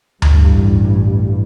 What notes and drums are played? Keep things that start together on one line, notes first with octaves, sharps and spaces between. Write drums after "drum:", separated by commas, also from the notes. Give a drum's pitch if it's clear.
A1 G2, drum: tom D2